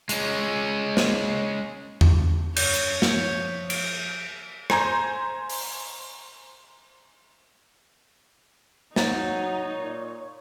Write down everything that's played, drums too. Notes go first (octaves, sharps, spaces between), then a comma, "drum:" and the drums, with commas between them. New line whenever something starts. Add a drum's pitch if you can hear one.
G#3 C#4, drum: hi-hat
drum: snare
drum: tom E2
F#2 C#5 G6, drum: cymbal
drum: hi-hat
F3, drum: snare
D7, drum: cymbal
C5 G#5 A#5 C6 G6, drum: rim click
drum: open hi-hat
F#3 D#4 C#5 A#5 A6, drum: snare
A#2